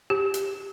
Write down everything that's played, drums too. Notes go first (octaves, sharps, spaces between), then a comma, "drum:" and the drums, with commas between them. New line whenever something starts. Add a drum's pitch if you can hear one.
G4
drum: hi-hat